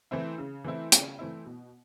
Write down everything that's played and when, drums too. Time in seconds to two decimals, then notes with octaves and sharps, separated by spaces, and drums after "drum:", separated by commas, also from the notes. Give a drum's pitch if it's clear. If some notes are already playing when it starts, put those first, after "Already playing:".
0.11 E3 A3 C4 E4
0.38 C#3
0.64 E3 A3 C4 E4
0.92 C#3, drum: hi-hat
1.19 E3 A3 C4 E4
1.46 B2